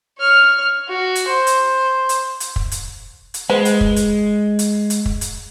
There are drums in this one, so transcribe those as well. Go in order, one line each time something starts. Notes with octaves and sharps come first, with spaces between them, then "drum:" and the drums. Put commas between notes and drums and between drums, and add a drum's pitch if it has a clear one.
C#5 F6
F#4
drum: hi-hat
C5
drum: hi-hat
drum: hi-hat
drum: hi-hat
drum: kick
drum: hi-hat
drum: hi-hat
G#3 B4 C5
drum: hi-hat
drum: kick
drum: hi-hat
drum: hi-hat
drum: hi-hat
drum: kick
drum: hi-hat